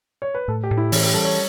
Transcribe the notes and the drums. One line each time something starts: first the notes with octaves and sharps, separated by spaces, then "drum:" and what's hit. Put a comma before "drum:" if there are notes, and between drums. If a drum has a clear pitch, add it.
C#5
B4
A2 A4
G4
A2
E4
E3 C#4, drum: open hi-hat
G4
G3 A4
C#5